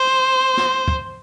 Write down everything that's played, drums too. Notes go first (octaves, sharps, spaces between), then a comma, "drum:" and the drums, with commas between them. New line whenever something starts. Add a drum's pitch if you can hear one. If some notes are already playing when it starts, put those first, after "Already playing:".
Already playing: C5
drum: snare
drum: kick